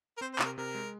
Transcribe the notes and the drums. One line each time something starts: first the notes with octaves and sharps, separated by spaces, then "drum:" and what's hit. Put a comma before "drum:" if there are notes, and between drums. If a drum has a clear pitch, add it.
A#4
C4 C5
C5
C3, drum: clap
A#4
C3 A#4
G#3